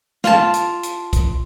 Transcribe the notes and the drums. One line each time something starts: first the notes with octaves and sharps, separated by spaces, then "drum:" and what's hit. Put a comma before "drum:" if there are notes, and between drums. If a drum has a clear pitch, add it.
F4 A5, drum: snare
drum: hi-hat
drum: hi-hat
drum: kick, hi-hat